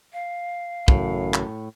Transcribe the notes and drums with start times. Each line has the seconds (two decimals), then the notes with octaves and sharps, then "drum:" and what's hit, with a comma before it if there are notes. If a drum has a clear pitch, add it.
0.13 F5
0.88 A1 F#2 A2 C#3, drum: kick
1.34 drum: clap